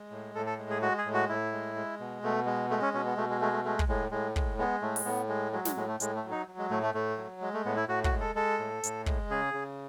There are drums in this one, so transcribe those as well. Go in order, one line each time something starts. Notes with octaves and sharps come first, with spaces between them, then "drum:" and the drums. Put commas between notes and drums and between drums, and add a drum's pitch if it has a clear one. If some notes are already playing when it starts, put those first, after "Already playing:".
Already playing: G#3
A2
A2 A4
A4
G#3
G#4
G#3 F#4
G#4
A2
F#4
A2 E4
G#3
G#3
B2
B2 A3
G#3
G#3 A3
C#4
B2 C#4
B3
B2 A3
G#3
G#3 A3
A3
G#3 A3
drum: kick
A2 G#3
A2 G#3
G#3, drum: kick
G#3 B3
A2 A3
drum: open hi-hat
A2 B3
G#3
F#3 G#3
G#3, drum: snare
A2 G#3
A3
A2 G#3, drum: hi-hat
A3
F#3
D#4
F#3
G#3
A2 A3
A3
A2 A3
F#3
G#3
A3
A2 B3
E4
A2 F#4
F#4, drum: kick
G#3
A4
G#3 A4
A2
A2, drum: hi-hat
G#3, drum: kick
C#3 G#4
C#3